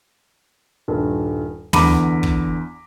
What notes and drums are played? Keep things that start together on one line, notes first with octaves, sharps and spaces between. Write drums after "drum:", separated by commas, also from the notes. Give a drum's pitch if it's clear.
D#1 G2
E2 D3 A#5 B5 D6 D#7, drum: tom
drum: kick